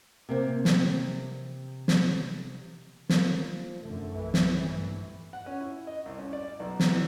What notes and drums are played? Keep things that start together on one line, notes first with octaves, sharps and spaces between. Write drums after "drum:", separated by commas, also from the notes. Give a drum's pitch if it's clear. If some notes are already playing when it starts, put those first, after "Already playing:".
C3 A#3 C4
drum: snare
drum: snare
A#3, drum: snare
F3
F1 F#2 D3 A3
A#1 E3
drum: snare
G2 E3
F#5
C#4
E4
D#5
C2
C#4
D5
D5
B1
drum: snare
E3